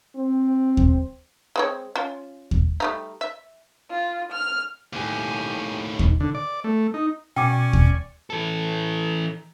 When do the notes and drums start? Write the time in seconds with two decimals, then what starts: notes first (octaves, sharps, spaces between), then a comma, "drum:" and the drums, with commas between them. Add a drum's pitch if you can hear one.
0.16 C4
0.77 drum: kick D#2
1.56 G#3 C4 C#5
1.96 C#4 F4
2.51 drum: kick D#2
2.80 G3 A3 D#4
3.21 E5
3.91 F4
4.33 F6
4.93 D#2 A2 G4 G#5
5.99 drum: kick D#2
6.20 D3
6.35 D5
6.64 A3
6.94 D#4
7.36 B2 C#4 D5 G5 G#5 C#6 D6
7.73 drum: kick D#2
8.30 E3 A4